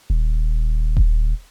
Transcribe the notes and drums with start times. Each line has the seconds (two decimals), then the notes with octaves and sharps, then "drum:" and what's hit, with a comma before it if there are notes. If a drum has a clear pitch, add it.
0.10 D#1
0.97 drum: kick D#1